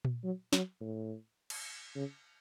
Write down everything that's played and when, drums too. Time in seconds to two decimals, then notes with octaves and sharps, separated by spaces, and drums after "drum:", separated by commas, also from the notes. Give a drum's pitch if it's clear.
0.05 drum: tom A#2
0.24 F#3
0.53 F#3, drum: snare
0.80 A2
1.50 drum: cymbal
1.95 C#3